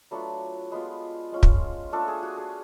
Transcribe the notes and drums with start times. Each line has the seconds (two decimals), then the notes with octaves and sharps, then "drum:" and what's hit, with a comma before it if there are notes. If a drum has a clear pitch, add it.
0.11 F#3 A3 D4 F4 B4
0.71 G#3 B3 F4 B4
1.32 G#3 C#4 F4
1.43 drum: kick
1.92 A3 D4 F4 A4
2.08 G#4
2.23 F#4
2.38 G#4